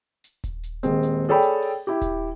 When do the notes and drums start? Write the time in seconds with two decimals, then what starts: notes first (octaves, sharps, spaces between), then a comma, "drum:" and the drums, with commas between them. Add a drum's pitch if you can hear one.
0.24 drum: hi-hat
0.44 drum: kick D#1, hi-hat
0.63 drum: hi-hat
0.83 D#1 G#3 C4, drum: hi-hat
1.03 drum: hi-hat
1.29 G#4 A4 C#5 D5 G5 B5
1.42 drum: hi-hat
1.62 drum: open hi-hat
1.87 E4 G4
2.02 drum: kick D#1, hi-hat